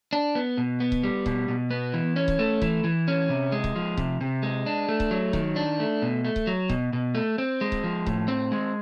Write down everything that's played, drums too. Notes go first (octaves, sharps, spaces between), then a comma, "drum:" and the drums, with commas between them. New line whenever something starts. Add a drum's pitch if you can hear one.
D4
B3
B2
B3
drum: kick C#1
G3
B2, drum: kick C#1
B2
B3
E3
C#4
drum: kick C#1
A3
E3, drum: kick C#1
E3
C#4
C3
G#3
drum: kick C#1
F3
C3, drum: kick C#1
C3
G#3
D4
A3
drum: kick C#1
F#3
D#3, drum: kick C#1
D4
A3
B2
A3
drum: kick C#1
F#3
B2, drum: kick C#1
B2
A3
C4
G#3
drum: kick C#1
F3
A2, drum: kick C#1
C4
G#3